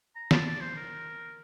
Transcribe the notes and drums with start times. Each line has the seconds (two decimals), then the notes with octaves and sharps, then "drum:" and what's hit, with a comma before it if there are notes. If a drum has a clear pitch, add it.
0.16 A#5
0.31 A5, drum: snare
0.46 D5
0.61 C5
0.76 A#4